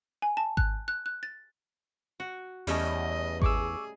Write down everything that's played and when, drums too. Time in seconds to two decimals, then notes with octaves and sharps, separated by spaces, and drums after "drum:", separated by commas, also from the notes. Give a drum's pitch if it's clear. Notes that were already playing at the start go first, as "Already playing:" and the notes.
0.22 G#5
0.37 A5
0.57 F#6, drum: kick G#1
0.88 F#6
1.06 F#6
1.23 A6
2.20 F#4
2.67 E2 G3 A3 C#4 D#5, drum: open hi-hat
3.42 G#4 C#6 D6 E6, drum: kick G#1